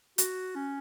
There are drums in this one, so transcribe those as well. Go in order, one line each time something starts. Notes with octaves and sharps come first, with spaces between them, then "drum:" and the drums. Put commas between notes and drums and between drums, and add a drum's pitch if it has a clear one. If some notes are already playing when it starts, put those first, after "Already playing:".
F#4, drum: hi-hat
C#4